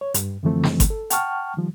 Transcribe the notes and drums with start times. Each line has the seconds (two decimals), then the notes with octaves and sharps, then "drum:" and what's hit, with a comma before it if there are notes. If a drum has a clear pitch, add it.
0.01 C#5
0.14 G2, drum: hi-hat
0.43 F#2 D3 E3 F3 A3 C4
0.63 drum: snare
0.80 drum: kick G1, hi-hat
0.90 A4
1.10 F#5 G5 A5 C#6 F6, drum: hi-hat
1.57 D#3 F3 G3